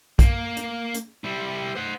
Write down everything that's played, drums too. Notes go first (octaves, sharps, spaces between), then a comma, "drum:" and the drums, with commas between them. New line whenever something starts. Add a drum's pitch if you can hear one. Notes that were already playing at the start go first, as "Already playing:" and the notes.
A#3, drum: kick, hi-hat
drum: hi-hat
drum: hi-hat
G3 E4
C5 F#5